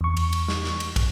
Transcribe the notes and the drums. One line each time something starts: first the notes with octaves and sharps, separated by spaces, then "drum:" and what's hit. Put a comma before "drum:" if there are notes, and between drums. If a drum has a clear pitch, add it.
E2 C#6
drum: cymbal
drum: cymbal
drum: snare
drum: snare
drum: cymbal
drum: kick, cymbal